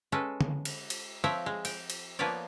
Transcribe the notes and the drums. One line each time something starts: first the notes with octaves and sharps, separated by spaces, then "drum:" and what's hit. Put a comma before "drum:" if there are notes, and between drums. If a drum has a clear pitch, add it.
G#3 C#4 A4 B4
drum: tom D3
drum: cymbal
drum: cymbal
F3 C4 C#5 E5 F#5 G5
G#3
G5, drum: cymbal
drum: cymbal
F3 A#3 B3 B4 C#5 D5